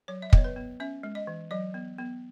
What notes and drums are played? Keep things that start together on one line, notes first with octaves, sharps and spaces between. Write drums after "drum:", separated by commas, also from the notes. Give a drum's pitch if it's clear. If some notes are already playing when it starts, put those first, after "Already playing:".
F#3 C#5
E5
D#5
B3 C#5, drum: kick
B4
B3
C#4 E5
G#3
D#5
E3
F#3 D#5
B3
B3